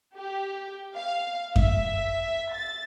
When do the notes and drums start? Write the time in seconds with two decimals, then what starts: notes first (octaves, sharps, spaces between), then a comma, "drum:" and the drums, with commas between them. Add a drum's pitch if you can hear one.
0.15 G4
0.95 F5
1.56 E5, drum: kick F#2
2.54 A6